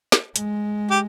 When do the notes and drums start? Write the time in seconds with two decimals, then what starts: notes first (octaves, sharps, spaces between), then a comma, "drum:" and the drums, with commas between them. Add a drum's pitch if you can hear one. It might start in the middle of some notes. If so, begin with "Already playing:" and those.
0.12 drum: snare
0.36 G#3, drum: hi-hat
0.91 G4